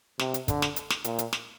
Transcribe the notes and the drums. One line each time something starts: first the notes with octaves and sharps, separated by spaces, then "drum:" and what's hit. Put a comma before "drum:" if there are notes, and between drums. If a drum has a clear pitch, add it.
C3, drum: snare
drum: hi-hat
D3, drum: kick, hi-hat
drum: snare
drum: hi-hat
drum: snare
A#2, drum: hi-hat
drum: hi-hat
drum: snare